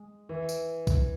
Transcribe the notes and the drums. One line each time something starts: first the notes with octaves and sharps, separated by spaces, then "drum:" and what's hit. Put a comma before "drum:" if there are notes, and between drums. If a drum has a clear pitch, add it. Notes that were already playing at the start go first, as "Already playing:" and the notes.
Already playing: G#3
E3
drum: tambourine
drum: kick B1, tambourine